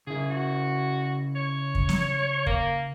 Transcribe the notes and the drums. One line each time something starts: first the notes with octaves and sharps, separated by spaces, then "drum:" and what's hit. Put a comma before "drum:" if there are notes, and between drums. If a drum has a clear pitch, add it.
C#3 E4 G#4
F#4
C#5
drum: kick
drum: snare
A#3, drum: kick